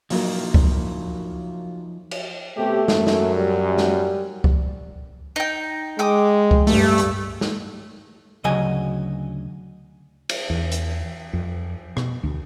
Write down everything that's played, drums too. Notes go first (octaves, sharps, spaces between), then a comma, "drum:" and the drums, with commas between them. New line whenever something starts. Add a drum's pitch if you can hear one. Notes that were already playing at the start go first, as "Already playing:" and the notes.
F3 F#3 A#3 D#4 F4 A#4, drum: open hi-hat
drum: kick C#2
drum: cymbal
B2 A3 C4 G4
F#2, drum: snare
drum: snare
G3
drum: snare
drum: kick C#2
D#4 G5
G#3 G5 D6 D#6
drum: kick C#2
G2 A3, drum: open hi-hat
drum: hi-hat
drum: snare
D2 C#3 F#3 D#5 G#5
drum: cymbal
E2
drum: hi-hat
F2
B2, drum: rim click
D2